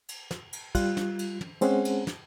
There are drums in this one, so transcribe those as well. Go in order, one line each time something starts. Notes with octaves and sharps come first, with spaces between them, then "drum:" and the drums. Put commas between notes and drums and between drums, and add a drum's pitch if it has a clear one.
drum: cymbal
drum: snare
drum: cymbal
G3 F4 F#6, drum: kick, cymbal
drum: snare
drum: cymbal
drum: tom
G#3 C4 C#4 G#4 C5 F#5, drum: cymbal
drum: cymbal
drum: snare